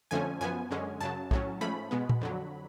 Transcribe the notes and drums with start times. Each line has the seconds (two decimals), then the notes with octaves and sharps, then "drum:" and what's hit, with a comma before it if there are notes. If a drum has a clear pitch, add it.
0.11 F2 D3 F3 A3 C#4 G#5
0.41 F#2 F3 B3 G#5
0.71 F#2 D3 G#3 C#4
1.01 F#2 C#3 F#3 A5
1.31 A2 F#3 C#4, drum: kick
1.61 G#2 F3 A3 C#4 B5
1.91 B2 G#3 B3
2.09 drum: tom A#2
2.21 F2 D3 F#3